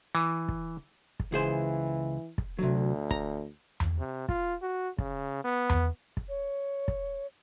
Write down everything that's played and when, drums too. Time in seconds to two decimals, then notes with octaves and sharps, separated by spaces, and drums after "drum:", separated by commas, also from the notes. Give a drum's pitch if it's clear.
0.15 E3
0.49 drum: kick
1.20 drum: kick
1.32 C#2 E3 G#4 C5
2.38 drum: kick
2.59 D2 C3 F#3
3.11 A#5, drum: kick
3.80 drum: tom E2
3.99 C3
4.29 F4, drum: kick
4.62 F#4
4.98 C#3, drum: kick
5.44 B3
5.69 drum: tom E2
6.17 drum: kick
6.29 C#5
6.88 drum: kick